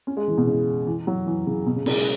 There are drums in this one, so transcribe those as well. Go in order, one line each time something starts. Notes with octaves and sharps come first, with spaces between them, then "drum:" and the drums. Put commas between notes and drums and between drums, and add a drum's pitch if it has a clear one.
C#4
G#3
E3
B2
C#3
E3
F#3
E3
C#3
B2
C#3
C#3, drum: cymbal
G#3